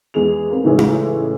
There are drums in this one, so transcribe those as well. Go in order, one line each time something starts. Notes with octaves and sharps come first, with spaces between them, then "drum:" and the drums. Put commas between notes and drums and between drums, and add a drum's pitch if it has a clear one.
E2 G#3 G#4 F7
A#3 C4
A2 C#3 E3 G#3 A3 C#4
drum: tom D#4